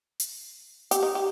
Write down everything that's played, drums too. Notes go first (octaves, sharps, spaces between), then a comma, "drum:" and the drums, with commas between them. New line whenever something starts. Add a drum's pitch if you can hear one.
drum: hi-hat
G4, drum: hi-hat
D#4
G4